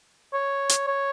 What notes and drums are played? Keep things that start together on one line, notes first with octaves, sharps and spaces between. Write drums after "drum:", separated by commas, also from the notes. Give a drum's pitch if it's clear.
C#5
drum: hi-hat
C#5